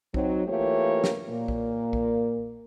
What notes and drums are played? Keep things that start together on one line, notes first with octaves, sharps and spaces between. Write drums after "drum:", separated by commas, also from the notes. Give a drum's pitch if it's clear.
F#3 C4 D#4, drum: kick B1
E3 A3 A#3 F4 G4 C#5
drum: snare
A#2 A#3
drum: kick B1
drum: kick B1